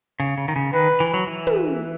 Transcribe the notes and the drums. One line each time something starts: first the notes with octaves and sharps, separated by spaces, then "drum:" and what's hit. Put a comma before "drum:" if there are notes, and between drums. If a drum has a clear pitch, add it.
C#3, drum: hi-hat
C#3
D#3
C#3
D#3 B4
E3
F#3
E3
drum: tom